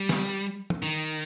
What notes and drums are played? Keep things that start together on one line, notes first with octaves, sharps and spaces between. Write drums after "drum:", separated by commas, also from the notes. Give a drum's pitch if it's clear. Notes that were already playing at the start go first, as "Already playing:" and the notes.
Already playing: G3
drum: snare
drum: tom
D#3